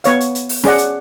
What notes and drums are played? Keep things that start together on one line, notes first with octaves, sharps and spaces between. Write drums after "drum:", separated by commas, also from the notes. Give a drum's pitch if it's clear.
B3 C#5 F5, drum: hi-hat
drum: hi-hat
drum: hi-hat
drum: open hi-hat
C#4 G#4 D5 F#5, drum: snare
drum: hi-hat